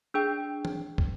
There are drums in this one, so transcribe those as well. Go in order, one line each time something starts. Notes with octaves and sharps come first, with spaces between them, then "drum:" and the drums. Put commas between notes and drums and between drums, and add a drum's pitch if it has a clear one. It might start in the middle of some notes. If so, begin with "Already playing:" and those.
D4 G#4 G5
drum: tom E3
drum: kick